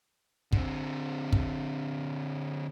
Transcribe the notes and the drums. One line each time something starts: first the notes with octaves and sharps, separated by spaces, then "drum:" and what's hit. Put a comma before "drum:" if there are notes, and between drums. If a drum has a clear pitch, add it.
D3 C4, drum: kick
drum: kick